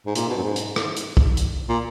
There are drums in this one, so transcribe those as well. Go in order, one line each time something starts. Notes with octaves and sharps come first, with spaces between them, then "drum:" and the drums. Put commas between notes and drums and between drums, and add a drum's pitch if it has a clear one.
G#2
A#2, drum: hi-hat
B2
F#2
G#2
drum: hi-hat
drum: rim click
drum: hi-hat
drum: kick
drum: hi-hat
A#2